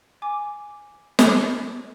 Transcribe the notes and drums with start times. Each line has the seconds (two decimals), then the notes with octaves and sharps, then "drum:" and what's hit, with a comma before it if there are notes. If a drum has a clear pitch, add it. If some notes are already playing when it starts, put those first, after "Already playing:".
0.22 G#5 D6
1.19 drum: snare